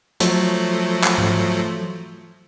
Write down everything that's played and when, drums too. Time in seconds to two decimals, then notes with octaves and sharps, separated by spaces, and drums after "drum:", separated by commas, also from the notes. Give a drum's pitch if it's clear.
0.20 F3 F#3 A3, drum: hi-hat
1.04 drum: clap
1.18 drum: tom G#2